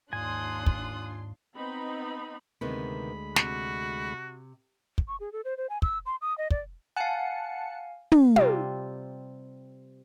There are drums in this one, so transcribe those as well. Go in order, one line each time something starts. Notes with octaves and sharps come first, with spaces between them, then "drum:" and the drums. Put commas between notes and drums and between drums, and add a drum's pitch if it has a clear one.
D#2 G#2 D4 F4 G#5 C6 D#6 F#6
drum: kick
B3 C4 D#4 B5
D2 C3 D#3 G#3 B3 B5
C3 F#4, drum: snare
drum: kick
C#6
G#4
A4
C5
C5
G#5
E6, drum: kick
C6
D#6
D#5
D5, drum: kick
F5 F#5 G#5 A5 C#7
drum: tom
C3 G3 C4 F4, drum: tom